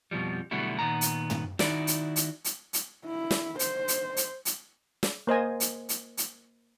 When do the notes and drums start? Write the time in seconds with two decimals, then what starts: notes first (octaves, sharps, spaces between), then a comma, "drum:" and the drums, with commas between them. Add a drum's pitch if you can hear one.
0.11 F2 B2 E3 F3 G3
0.51 B2 D3 F#3 G3 A3 E4
0.79 A#2 D#3 B3 A#5
1.01 drum: hi-hat
1.30 drum: tom
1.59 D#3 D#4 E4 F#4 D5, drum: snare
1.87 drum: hi-hat
2.16 drum: hi-hat
2.45 drum: hi-hat
2.73 drum: hi-hat
3.06 E4
3.31 drum: snare
3.59 C5, drum: hi-hat
3.88 drum: hi-hat
4.17 drum: hi-hat
4.45 drum: hi-hat
5.03 drum: snare
5.27 A#3 C5 D#5 G#5
5.60 drum: hi-hat
5.89 drum: hi-hat
6.17 drum: hi-hat